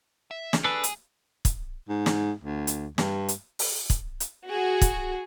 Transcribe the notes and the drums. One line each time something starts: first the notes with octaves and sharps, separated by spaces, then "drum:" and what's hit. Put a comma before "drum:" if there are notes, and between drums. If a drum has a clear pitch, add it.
E5
drum: snare
D4 G#4 A4 B4
drum: hi-hat
drum: kick, hi-hat
G#2
drum: snare
D2
drum: hi-hat
G2, drum: snare
drum: hi-hat
drum: open hi-hat
drum: kick, hi-hat
drum: hi-hat
F#4 G#4
drum: kick, hi-hat